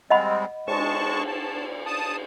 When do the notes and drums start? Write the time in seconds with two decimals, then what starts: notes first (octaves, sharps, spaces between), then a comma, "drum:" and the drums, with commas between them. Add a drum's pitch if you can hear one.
0.10 G3 G#3 C4 D#5 F#5 B5
0.67 G#3 A5 C#6, drum: cymbal
1.27 A5
1.86 A5 D#6